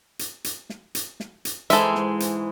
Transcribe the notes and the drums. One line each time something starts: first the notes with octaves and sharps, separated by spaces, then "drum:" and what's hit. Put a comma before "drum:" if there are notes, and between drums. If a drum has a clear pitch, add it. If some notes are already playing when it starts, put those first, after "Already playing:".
drum: hi-hat
drum: hi-hat
drum: snare
drum: hi-hat
drum: snare
drum: hi-hat
G#2 E3 G#3 A4 C5 E5, drum: hi-hat
drum: snare
drum: hi-hat